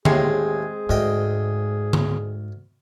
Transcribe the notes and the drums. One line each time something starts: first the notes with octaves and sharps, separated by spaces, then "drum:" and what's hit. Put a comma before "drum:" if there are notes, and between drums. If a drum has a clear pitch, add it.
D#2 A2 G#3 C4 G#4, drum: tom D3
D2 G#2 D#5 G5
drum: tom D3